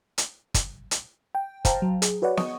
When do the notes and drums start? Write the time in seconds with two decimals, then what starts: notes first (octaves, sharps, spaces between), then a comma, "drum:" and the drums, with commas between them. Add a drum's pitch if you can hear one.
0.18 drum: hi-hat
0.54 drum: kick, hi-hat
0.91 drum: hi-hat
1.35 G5
1.65 C5 F5 G5 A5 A#5, drum: kick, hi-hat
1.82 F#3
2.02 G#4, drum: hi-hat
2.22 F#4 B4 C#5 D5 F#5
2.37 D#5 C#6 D#6, drum: snare